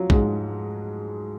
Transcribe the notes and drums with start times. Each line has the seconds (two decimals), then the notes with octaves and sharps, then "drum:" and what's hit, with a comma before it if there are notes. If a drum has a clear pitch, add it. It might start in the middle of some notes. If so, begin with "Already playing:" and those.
Already playing: F3 F#3
0.10 G#2 G#3, drum: kick